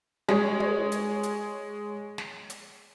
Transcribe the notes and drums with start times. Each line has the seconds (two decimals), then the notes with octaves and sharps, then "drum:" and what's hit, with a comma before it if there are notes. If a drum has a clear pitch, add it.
0.29 G#3 C#5, drum: snare
0.60 drum: tom
0.92 drum: hi-hat
1.23 drum: hi-hat
2.18 drum: snare
2.50 drum: hi-hat